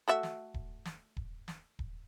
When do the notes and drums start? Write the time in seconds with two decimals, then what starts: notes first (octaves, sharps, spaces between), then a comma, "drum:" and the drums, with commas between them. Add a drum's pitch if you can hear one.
0.08 A3 F#4 E5
0.23 drum: snare
0.54 drum: kick D#1
0.85 drum: snare
1.17 drum: kick D#1
1.48 drum: snare
1.79 drum: kick D#1